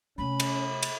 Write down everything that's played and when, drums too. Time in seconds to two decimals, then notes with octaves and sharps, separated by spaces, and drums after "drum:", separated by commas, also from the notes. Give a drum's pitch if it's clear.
0.18 C3 A3 C#4 B5
0.40 drum: cymbal
0.83 drum: cymbal